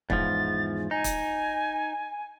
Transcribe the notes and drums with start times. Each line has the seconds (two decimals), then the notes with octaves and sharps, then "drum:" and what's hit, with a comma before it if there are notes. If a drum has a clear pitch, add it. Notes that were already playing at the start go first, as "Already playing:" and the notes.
0.10 E2 G#2 F3 A6, drum: kick C#1
0.91 D#4 G#5
1.04 drum: kick C#1, hi-hat